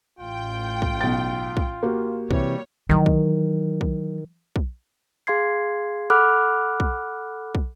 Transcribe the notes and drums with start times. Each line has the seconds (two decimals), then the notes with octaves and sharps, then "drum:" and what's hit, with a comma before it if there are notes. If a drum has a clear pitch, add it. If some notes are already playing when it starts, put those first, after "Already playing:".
0.19 A1 F4 G5
0.82 drum: kick
1.01 B1 A6
1.57 drum: kick
1.83 A#3 F#4 G4
2.31 C3 E3 G3 C#5, drum: kick
2.89 D#3 E3 F#3
3.06 drum: kick
3.81 drum: kick
4.56 drum: kick
5.27 G#4 F5 C6 G#6 C7
6.10 A4 F#5 B5 D6 F6 F#6
6.80 drum: kick
7.55 drum: kick